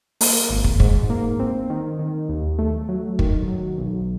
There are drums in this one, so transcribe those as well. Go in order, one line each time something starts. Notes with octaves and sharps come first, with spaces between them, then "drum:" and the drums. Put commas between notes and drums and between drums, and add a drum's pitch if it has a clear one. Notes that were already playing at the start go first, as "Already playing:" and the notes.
A#3, drum: open hi-hat
G#1
drum: kick
G#2, drum: kick
A#3
C4
D#3
D#3
D#2
A3
F#3
D#3, drum: kick
F#3
B1